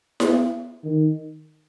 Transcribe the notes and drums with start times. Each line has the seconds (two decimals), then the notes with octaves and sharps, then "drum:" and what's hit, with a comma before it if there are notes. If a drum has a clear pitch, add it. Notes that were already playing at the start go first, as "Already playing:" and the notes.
0.20 B3, drum: snare E4
0.84 D#3